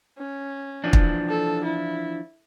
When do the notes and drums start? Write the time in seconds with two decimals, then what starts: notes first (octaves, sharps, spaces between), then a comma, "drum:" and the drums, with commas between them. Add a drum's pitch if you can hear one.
0.18 C#4
0.84 E3 F3 D4
0.93 drum: kick
1.29 A4
1.64 E4